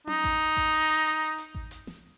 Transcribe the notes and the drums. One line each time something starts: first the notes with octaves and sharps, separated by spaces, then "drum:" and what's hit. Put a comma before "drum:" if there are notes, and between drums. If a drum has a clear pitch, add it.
D#4, drum: tom C#4
drum: kick A1, hi-hat
drum: kick A1, hi-hat
drum: hi-hat
drum: hi-hat
drum: hi-hat
drum: hi-hat
drum: hi-hat
drum: kick A1
drum: hi-hat
drum: snare